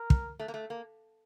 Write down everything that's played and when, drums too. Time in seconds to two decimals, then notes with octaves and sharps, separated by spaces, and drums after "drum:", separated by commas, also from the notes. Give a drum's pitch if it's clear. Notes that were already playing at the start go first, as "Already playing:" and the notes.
Already playing: A#4
0.10 drum: kick
0.40 A3
0.48 A#3
0.54 A3
0.70 A#3